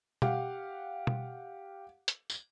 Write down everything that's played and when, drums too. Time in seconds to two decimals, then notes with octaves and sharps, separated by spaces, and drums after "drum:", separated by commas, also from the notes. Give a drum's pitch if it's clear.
0.22 G4 F5 F#5, drum: tom B2
1.07 drum: tom B2
2.08 drum: hi-hat
2.30 drum: tambourine